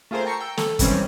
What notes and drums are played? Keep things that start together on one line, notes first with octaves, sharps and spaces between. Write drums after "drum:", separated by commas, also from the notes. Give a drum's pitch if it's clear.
A3 F4 G#4 A#4 C5
G5 A5 A#5 C#6 C7 C#7
G5 E6
A4, drum: snare
D#3 E3 G3 G#3 C4 C#4, drum: kick, hi-hat